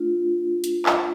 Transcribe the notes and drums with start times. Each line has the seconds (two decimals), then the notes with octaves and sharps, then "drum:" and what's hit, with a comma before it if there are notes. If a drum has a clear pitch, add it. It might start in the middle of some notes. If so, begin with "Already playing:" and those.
Already playing: A3 D4 F4
0.64 drum: hi-hat
0.86 drum: clap